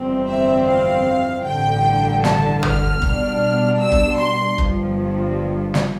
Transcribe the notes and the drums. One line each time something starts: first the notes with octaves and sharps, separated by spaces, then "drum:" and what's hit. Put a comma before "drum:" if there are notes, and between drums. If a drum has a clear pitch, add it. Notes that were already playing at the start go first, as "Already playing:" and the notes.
Already playing: G1 F2 E3 G3 C4
E5
F5
A1 G2 D3 G5
A5, drum: snare
F6, drum: tom
B2 G3 D4, drum: kick
E6
drum: kick
C6
G1 G2 F3, drum: kick
drum: snare